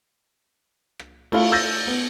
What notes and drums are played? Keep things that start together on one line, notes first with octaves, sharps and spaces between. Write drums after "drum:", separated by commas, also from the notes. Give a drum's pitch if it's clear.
drum: rim click
A3 E4 F4 F5, drum: cymbal
E6 G6 A6 A#6 D#7
B3